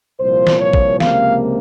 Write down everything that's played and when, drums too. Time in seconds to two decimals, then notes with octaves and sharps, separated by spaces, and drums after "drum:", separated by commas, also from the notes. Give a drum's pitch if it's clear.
0.20 C2 A#2 F3 C5
0.47 drum: snare
0.61 C#5
0.73 drum: kick
1.00 C#2 C3 F3 A#3 F5, drum: snare